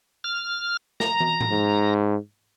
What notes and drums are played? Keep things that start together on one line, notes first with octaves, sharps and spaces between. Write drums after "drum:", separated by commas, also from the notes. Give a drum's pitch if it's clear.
F6
A#5, drum: snare
drum: tom
drum: tom
G#2